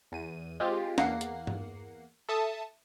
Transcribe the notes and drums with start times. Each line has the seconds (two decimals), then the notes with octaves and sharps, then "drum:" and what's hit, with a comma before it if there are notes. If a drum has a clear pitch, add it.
0.12 E2 D#7
0.60 G#3 C4 F4 G4
0.98 E2 A#3 F#5 C7, drum: snare
1.21 drum: hi-hat
1.47 drum: tom G2
2.29 A4 E5 A5 D#6